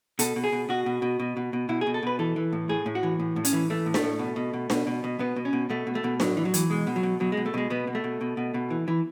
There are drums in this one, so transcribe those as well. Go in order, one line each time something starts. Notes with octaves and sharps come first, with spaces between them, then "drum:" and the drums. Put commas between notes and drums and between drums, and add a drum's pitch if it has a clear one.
B2 A4, drum: hi-hat
B2
G#4
B2
B2 F#4
B2
B2
B2
B2
B2
B2 E4
G#4
B2
A4
B2 B4
E3 A4
E3
A2
A2 G#4
A2
F#4
E3
A2
A2
C#4, drum: hi-hat
E3
E3 A3
A2
A3, drum: snare D4
A2
B2
B2
B2
B2, drum: snare D4
B2
B2
B2 B3
B2
C#4
B2
B2 A3
B2
A3
B2
A2 F#3, drum: snare D4
E3
F#3
E3, drum: hi-hat
B2 G#3
B2
F#3
B2
B2 F#3
G#3
B2
A3
B2 G#3
B2 B3
B2
A3
B2
B2
B2
B2
E3
E3